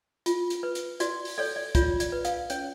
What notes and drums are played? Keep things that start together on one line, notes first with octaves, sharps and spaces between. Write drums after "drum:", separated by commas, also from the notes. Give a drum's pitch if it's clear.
F4, drum: hi-hat
drum: hi-hat
B4
drum: hi-hat
F#4 D5, drum: hi-hat
drum: open hi-hat
A4 C#5 D5
D5
F4 C#5, drum: kick, hi-hat
D5, drum: hi-hat
B4
F5, drum: hi-hat
C#4 C#5, drum: hi-hat